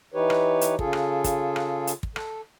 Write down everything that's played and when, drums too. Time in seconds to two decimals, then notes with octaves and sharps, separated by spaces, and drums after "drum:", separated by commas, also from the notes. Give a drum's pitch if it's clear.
0.14 E3 D#4 G4 B4 C#5
0.30 drum: rim click
0.61 drum: hi-hat
0.79 C#3 F4 G#4 A4, drum: kick
0.93 drum: rim click
1.24 drum: kick, hi-hat
1.56 drum: rim click
1.87 drum: hi-hat
2.03 drum: kick
2.16 A4, drum: rim click